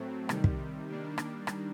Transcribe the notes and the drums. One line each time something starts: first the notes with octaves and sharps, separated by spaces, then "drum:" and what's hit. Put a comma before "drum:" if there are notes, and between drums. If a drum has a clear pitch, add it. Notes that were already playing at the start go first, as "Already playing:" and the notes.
Already playing: A2 F#3 A3 C4
C3 D#3 G3, drum: rim click
drum: kick
D#3 G3 A#3 D4
drum: rim click
drum: rim click